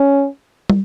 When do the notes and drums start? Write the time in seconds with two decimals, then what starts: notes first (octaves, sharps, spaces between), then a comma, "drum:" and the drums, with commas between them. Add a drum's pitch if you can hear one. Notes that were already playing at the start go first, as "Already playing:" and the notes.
Already playing: C#4
0.70 drum: tom